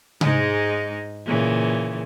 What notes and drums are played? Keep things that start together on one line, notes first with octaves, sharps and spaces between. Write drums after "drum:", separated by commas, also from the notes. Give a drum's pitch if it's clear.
G#2 G#3 D#4, drum: tom C3
A#2 C#3 E3